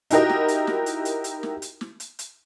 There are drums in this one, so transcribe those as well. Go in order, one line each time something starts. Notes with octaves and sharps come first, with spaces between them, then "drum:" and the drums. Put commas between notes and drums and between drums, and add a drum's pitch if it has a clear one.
D#4 E4 F#4 G4 A#4 D#5, drum: hi-hat
drum: snare
drum: hi-hat
drum: snare
drum: hi-hat
drum: hi-hat
drum: hi-hat
drum: snare
drum: hi-hat
drum: snare
drum: hi-hat
drum: hi-hat